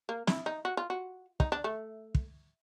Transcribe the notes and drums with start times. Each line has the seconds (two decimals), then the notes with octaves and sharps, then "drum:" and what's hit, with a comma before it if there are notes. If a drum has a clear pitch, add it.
0.09 A#3
0.27 E4, drum: snare
0.46 D#4
0.65 F#4
0.77 F4
0.90 F#4
1.40 D#4, drum: kick
1.52 D4
1.64 A3
2.15 drum: kick